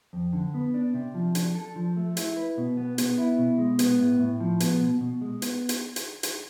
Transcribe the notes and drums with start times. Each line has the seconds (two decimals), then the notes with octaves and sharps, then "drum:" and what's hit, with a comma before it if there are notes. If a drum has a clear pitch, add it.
0.13 F2
0.33 D3
0.54 B3
0.74 D4
0.94 C3
1.15 F3
1.35 D4, drum: hi-hat
1.55 A4
1.76 F3
1.97 A3
2.17 E4, drum: hi-hat
2.36 B4
2.57 B2
2.77 B3
2.98 B3, drum: hi-hat
3.18 E4
3.39 B2
3.58 G#3
3.79 B3, drum: hi-hat
3.99 A2
4.20 A2
4.40 F3
4.60 B3, drum: hi-hat
4.81 B2
5.01 B2
5.21 G#3
5.42 B3, drum: hi-hat
5.69 drum: hi-hat
5.96 drum: hi-hat
6.23 drum: hi-hat